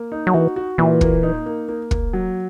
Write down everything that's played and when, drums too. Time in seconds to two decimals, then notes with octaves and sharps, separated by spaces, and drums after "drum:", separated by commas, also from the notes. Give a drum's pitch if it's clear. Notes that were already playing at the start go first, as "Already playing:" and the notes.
Already playing: A#3
0.12 D#4
0.27 F#3
0.34 E3 F#4
0.56 F#4
0.78 A#2 E3
1.01 A#3, drum: kick
1.23 D#4
1.46 A#3
1.68 A#3
1.91 A#3, drum: kick
2.13 F#3